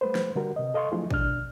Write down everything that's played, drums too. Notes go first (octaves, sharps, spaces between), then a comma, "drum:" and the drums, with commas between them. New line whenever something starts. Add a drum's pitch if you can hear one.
G3 A3 B4 C5
drum: snare
D3 G3 F#4 A#4
C3 D#5
A4 D#5 F5 C6 C#6
F3 F#3 A3 D4 E4 G#4
B2 D4 F6, drum: kick